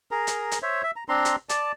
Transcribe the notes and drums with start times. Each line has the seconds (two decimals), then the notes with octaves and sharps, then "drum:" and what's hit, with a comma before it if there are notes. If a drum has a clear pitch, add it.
0.11 G#4 A#4 A#5
0.27 drum: hi-hat
0.51 drum: hi-hat
0.62 C5 C#5 E5
0.83 E5
0.96 A#5
1.09 C4 D4 A#5 C6
1.25 drum: hi-hat
1.49 D5 A5, drum: hi-hat